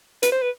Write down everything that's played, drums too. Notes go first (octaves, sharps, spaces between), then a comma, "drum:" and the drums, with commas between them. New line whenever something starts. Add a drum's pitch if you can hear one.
B4, drum: hi-hat
C5
B4